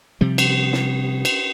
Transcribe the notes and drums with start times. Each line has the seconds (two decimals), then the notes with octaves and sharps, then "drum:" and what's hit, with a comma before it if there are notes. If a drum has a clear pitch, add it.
0.21 C3 F3 G3
0.38 drum: cymbal
0.73 drum: snare
1.25 drum: cymbal